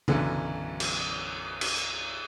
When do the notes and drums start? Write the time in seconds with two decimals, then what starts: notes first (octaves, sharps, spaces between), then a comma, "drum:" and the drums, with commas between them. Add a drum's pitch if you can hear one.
0.08 B1 F#2 D3 E3, drum: tom C#3
0.80 drum: cymbal
1.61 drum: cymbal
1.76 drum: hi-hat